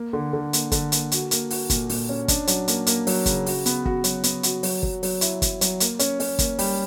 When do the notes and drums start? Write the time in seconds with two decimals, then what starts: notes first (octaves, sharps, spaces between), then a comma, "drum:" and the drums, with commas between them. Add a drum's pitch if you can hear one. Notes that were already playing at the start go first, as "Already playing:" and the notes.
Already playing: A#3
0.13 D3
0.33 D3
0.53 A#3, drum: hi-hat
0.72 D3, drum: kick, hi-hat
0.92 A#3, drum: hi-hat
1.12 F#4, drum: hi-hat
1.31 A#3, drum: hi-hat
1.50 F#4, drum: open hi-hat
1.70 A#2, drum: kick, hi-hat
1.89 A#2, drum: open hi-hat
2.09 C#4
2.28 D4, drum: kick, hi-hat
2.47 F#3, drum: hi-hat
2.68 A#3, drum: hi-hat
2.87 A#3, drum: hi-hat
3.07 F#3, drum: open hi-hat
3.26 C#3, drum: kick, hi-hat
3.46 F#4, drum: open hi-hat
3.66 B3, drum: hi-hat
3.85 F#4, drum: kick
4.04 F#3, drum: hi-hat
4.24 B3, drum: hi-hat
4.43 F#4, drum: hi-hat
4.63 F#3, drum: open hi-hat
4.83 F#3, drum: kick
5.03 F#3, drum: open hi-hat
5.21 E4, drum: hi-hat
5.42 F#3, drum: kick, hi-hat
5.61 F#3, drum: hi-hat
5.80 A#3, drum: hi-hat
5.99 C#4, drum: hi-hat
6.20 C#4, drum: open hi-hat
6.39 A#3, drum: kick, hi-hat
6.59 G3, drum: open hi-hat